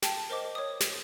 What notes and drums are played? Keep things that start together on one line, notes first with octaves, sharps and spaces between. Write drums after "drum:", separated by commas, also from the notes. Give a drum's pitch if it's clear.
G5 A5, drum: snare
A#4 C5 D#5 D6
C#5 D#6
drum: snare